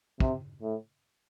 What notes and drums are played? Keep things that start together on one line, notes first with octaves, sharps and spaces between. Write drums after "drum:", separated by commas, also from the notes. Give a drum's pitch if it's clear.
C3, drum: kick
A2